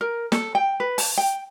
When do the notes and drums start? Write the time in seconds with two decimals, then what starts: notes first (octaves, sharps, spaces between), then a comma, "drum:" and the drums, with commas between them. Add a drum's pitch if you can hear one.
0.01 A#4
0.32 A4, drum: snare
0.55 G5
0.80 B4
0.98 A5, drum: open hi-hat
1.18 G5